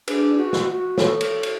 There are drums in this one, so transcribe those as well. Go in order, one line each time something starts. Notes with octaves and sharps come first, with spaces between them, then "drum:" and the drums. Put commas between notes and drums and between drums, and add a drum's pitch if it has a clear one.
D4 G#4 B4, drum: cymbal
F#4
drum: snare
F#4
A4 C#5, drum: snare
drum: cymbal
drum: cymbal